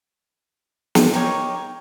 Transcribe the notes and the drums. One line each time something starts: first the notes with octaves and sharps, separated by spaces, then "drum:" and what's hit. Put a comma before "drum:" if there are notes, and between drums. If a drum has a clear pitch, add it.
drum: snare
D#4 G4 A#4 C#5